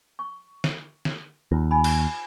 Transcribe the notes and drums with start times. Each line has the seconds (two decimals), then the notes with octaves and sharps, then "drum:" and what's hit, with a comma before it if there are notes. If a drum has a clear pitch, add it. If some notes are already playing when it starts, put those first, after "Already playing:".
0.19 C#6
0.64 drum: snare
1.05 drum: snare
1.52 D#2 F4
1.71 D#4 G#5 B5
1.84 drum: cymbal